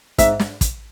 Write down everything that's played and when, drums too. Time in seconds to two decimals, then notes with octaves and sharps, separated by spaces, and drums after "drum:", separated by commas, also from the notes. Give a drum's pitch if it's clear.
0.18 G#2 E5, drum: kick, hi-hat
0.40 drum: snare
0.61 drum: kick, hi-hat